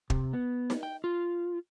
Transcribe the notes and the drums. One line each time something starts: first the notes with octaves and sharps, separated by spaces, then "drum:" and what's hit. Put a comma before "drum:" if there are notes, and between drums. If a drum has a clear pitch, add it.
C3, drum: kick
B3
drum: snare D#4
G5
F4